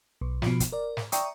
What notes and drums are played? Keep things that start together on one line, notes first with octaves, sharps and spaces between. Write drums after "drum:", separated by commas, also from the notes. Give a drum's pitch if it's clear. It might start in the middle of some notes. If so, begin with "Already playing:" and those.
B1
B2 F3, drum: snare
drum: kick, hi-hat
A#4 D5
drum: snare
D5 E5 G5 A#5 C#6 D#6, drum: hi-hat